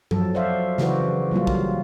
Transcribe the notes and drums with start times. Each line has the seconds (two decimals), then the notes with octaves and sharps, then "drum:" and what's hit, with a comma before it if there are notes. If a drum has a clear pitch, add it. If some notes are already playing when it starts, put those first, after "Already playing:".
0.11 F3 F#3 A4, drum: tom F#2
0.34 F#4 C5 D5 E5 F5
0.78 C#3 E3 F#4 B4 C5 D5, drum: snare
1.31 F#3 G3 A#3 F4
1.47 drum: kick